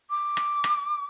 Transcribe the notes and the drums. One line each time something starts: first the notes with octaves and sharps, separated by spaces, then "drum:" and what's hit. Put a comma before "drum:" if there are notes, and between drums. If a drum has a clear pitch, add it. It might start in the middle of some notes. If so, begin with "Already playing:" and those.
D6
drum: rim click
drum: rim click